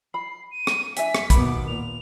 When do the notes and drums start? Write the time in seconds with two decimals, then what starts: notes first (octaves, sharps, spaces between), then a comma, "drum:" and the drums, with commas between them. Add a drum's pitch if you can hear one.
0.14 B5 C7
0.51 D#7
0.67 drum: rim click
0.97 D4 E5 G#5 B6, drum: hi-hat
1.15 drum: rim click
1.30 D#2 B2 B3 B5 D6, drum: kick, hi-hat
1.67 A#2 F7